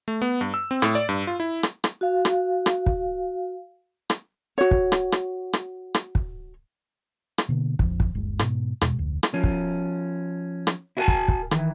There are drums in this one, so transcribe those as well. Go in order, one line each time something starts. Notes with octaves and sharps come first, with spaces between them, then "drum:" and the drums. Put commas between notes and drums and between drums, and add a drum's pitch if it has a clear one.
A3
B3
G2
E6
C4
A2, drum: rim click
D5
G2
F4
E4
drum: rim click
drum: rim click
F#4 F5
drum: rim click
drum: rim click
drum: kick
drum: rim click
F#4 C#5
drum: kick
drum: rim click
drum: rim click
drum: rim click
drum: rim click
drum: kick
drum: rim click
B2 D3 A#3
A#1 F2 F3, drum: kick
drum: kick
G1 D#2 G#3
G#2 B2, drum: rim click
E2 B2 G#3, drum: rim click
F1 D2
drum: rim click
F3 C#4
drum: kick
drum: rim click
E4 F#4 A#4 D5 G#5 A5
drum: kick
drum: kick
D#3 E3, drum: rim click